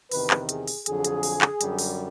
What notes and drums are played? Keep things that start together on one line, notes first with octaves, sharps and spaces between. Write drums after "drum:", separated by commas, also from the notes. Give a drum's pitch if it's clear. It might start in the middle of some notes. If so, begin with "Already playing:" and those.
E2 C3 D#3 B4, drum: open hi-hat
drum: clap
G#4, drum: hi-hat
drum: open hi-hat
F2 D3 F#3 G#4, drum: hi-hat
drum: hi-hat
drum: open hi-hat
drum: clap
F#2 D3 G3, drum: hi-hat
drum: open hi-hat